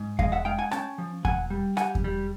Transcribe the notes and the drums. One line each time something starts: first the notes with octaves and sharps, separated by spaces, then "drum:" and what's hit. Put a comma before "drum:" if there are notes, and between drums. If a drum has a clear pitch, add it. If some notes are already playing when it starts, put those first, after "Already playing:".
Already playing: G#2
G#3 D#5 F5, drum: kick E2
E5 F#5
G#3 F5 G5
F#5 G#5
C#4 G5 A5, drum: rim click
F3
A#2 F#5 G#5, drum: kick E2
G3
G3 F#5 G#5, drum: rim click
drum: kick E2
G3